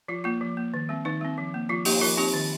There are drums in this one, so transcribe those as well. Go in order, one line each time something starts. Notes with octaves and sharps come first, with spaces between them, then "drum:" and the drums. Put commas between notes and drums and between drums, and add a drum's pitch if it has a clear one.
F3 F4
A#3 F4
F3
A#3
D#3
G3 C4
D#3 D#4
G3 C4
F3
A#3
F3 F4
A#3 D#4 G4, drum: open hi-hat
F3 F4 A#4
C4 D#4 G4
D#3